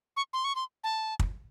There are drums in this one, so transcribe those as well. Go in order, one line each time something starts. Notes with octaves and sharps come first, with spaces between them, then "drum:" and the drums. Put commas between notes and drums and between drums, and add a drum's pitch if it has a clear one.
C#6
C6
C#6
C6
A5
drum: kick